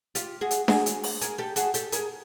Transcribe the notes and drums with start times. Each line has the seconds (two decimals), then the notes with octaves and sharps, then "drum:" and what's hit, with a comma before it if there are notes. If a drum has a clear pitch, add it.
0.15 F4 G4, drum: hi-hat
0.41 F#4 G#4
0.51 drum: hi-hat
0.68 F#4 G#4, drum: snare D4
0.86 drum: hi-hat
1.04 drum: open hi-hat
1.21 G#4 A#4, drum: hi-hat
1.38 G4 A4
1.56 F#4 G#4, drum: hi-hat
1.74 G4 A4, drum: hi-hat
1.92 G#4 A#4, drum: hi-hat